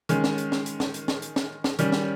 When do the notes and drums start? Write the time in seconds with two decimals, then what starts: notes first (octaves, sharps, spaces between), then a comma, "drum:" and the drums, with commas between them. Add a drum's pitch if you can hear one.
0.09 D#3 G#3 C#4, drum: hi-hat
0.24 drum: snare
0.38 drum: hi-hat
0.52 drum: snare
0.66 drum: hi-hat
0.80 drum: snare
0.94 drum: hi-hat
1.08 drum: snare
1.22 drum: hi-hat
1.36 drum: snare
1.64 drum: snare
1.79 D#3 G3 C#4, drum: hi-hat
1.92 drum: snare